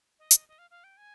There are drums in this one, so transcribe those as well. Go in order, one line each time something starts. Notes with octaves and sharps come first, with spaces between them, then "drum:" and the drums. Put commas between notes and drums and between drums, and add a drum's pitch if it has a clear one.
D#5
drum: hi-hat
D#5
F5
F5
G5
G#5